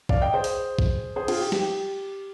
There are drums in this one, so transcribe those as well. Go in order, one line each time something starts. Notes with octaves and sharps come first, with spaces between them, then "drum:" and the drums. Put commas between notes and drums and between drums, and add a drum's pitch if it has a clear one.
D5 F5, drum: kick
D#5 G5
G#4 C5
drum: open hi-hat
drum: kick
G#4 C5
F4 G#4, drum: cymbal
G4
G4, drum: snare